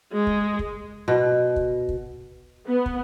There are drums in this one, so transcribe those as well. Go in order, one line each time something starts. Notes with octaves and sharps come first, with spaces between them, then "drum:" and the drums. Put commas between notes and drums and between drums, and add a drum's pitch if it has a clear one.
G#3
drum: kick
drum: kick
B2
drum: kick
drum: kick
B3
drum: kick